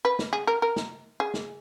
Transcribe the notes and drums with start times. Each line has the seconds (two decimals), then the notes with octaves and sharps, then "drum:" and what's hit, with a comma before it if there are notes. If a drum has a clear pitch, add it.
0.05 B4
0.19 drum: snare
0.33 G#4
0.47 A#4
0.62 A#4
0.76 drum: snare
1.20 G#4
1.34 drum: snare